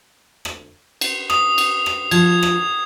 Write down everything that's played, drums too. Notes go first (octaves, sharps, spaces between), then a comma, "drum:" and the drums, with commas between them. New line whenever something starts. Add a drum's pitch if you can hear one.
drum: rim click
drum: cymbal
D#6, drum: rim click
drum: cymbal
drum: rim click
F3 G#6, drum: cymbal
drum: rim click